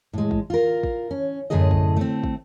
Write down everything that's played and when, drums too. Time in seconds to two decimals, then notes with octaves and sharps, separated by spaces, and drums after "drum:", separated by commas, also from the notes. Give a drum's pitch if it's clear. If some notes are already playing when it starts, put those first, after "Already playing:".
0.13 A2 G#3
0.31 drum: kick
0.50 F4 A#4
0.83 drum: kick
1.11 C#4
1.50 F#2 A2 D3 A3 G#4 D#5
1.71 drum: kick
1.97 A3 C4
2.24 drum: kick